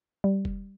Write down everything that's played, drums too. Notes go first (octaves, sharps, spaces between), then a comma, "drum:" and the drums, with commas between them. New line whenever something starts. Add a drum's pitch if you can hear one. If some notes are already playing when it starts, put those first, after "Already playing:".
G3
drum: kick F1